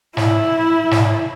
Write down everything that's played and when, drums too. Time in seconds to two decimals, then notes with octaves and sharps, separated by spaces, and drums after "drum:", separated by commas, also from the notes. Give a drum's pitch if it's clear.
0.17 E4, drum: snare
0.91 drum: snare